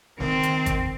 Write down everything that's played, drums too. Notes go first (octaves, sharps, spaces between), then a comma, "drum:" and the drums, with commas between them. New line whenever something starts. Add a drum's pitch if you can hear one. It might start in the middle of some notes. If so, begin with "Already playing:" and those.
D#3 C4, drum: snare
drum: hi-hat
drum: kick, hi-hat